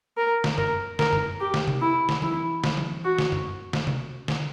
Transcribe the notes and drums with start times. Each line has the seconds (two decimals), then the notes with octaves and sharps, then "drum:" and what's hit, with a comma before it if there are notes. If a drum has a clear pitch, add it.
0.17 A#4
0.44 drum: snare
0.58 A#4, drum: tom F#2
0.99 A#4, drum: snare
1.13 drum: tom F#2
1.40 G4
1.54 drum: snare
1.68 drum: tom C3
1.81 E4
2.09 drum: snare
2.22 E4, drum: tom E3
2.64 drum: snare
2.77 drum: tom E3
3.04 F#4
3.18 drum: snare
3.32 drum: tom F#2
3.73 drum: snare
3.87 drum: tom C3
4.28 drum: snare